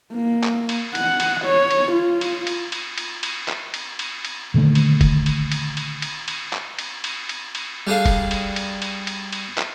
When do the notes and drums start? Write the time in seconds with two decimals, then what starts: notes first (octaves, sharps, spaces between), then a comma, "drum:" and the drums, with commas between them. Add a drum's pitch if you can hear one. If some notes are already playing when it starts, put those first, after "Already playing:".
0.14 A#3
0.44 drum: clap
0.69 drum: cymbal
0.95 F#5, drum: cymbal
1.20 drum: cymbal
1.45 C#5
1.71 drum: cymbal
1.92 F4
2.21 drum: cymbal
2.47 drum: cymbal
2.72 drum: cymbal
2.98 drum: cymbal
3.23 drum: cymbal
3.48 drum: clap
3.74 drum: cymbal
3.99 drum: cymbal
4.25 drum: cymbal
4.54 A#2 D3 D#3 A3
4.75 drum: cymbal
5.01 drum: kick E1, cymbal
5.26 drum: cymbal
5.52 drum: cymbal
5.77 drum: cymbal
6.02 drum: cymbal
6.28 drum: cymbal
6.53 drum: clap
6.79 drum: cymbal
7.04 drum: cymbal
7.29 drum: cymbal
7.55 drum: cymbal
7.87 G3 D4 G#4 A4 F5
8.06 drum: kick E1, cymbal
8.31 drum: cymbal
8.56 drum: cymbal
8.82 drum: cymbal
9.07 drum: cymbal
9.33 drum: cymbal
9.58 drum: clap